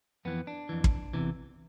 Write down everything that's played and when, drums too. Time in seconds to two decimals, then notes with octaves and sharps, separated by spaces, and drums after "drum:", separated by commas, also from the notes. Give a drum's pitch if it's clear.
0.25 F2 E3 B3
0.47 D4
0.69 F2 E3
0.84 drum: kick
1.13 E2 C3 E3